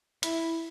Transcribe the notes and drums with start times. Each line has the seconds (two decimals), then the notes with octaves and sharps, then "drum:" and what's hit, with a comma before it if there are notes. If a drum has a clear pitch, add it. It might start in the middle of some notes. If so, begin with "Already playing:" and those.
0.23 E4, drum: hi-hat